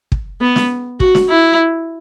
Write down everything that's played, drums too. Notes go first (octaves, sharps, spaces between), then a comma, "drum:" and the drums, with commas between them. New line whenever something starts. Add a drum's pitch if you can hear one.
drum: kick
B3
drum: snare
F#4, drum: kick
drum: snare
E4